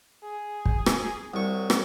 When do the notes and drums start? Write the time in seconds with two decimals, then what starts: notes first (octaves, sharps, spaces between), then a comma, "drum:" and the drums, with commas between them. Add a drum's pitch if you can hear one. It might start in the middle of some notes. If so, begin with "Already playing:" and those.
0.24 G#4
0.65 drum: kick
0.86 drum: rim click
1.34 C2 F#3 C#6
1.70 drum: rim click